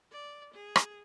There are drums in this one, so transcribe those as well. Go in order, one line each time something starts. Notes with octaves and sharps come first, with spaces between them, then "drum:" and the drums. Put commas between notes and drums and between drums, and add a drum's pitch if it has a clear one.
D5
G#4
drum: rim click